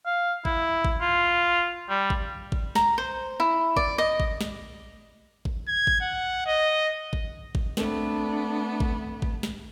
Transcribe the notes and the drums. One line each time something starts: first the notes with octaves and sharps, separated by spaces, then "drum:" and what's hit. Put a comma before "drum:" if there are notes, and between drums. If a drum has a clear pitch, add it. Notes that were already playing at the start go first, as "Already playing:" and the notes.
F5
E4, drum: kick G1
drum: kick G1
F4
G3
drum: kick G1
drum: kick G1
A#5, drum: snare
C5
E4
D5, drum: kick G1
D#5
drum: kick G1
drum: snare
drum: kick G1
G#6
drum: kick G1
F#5
D#5
drum: kick G1
drum: kick G1
A3 B3 C4 D4 A4, drum: snare
drum: kick G1
drum: kick G1
drum: snare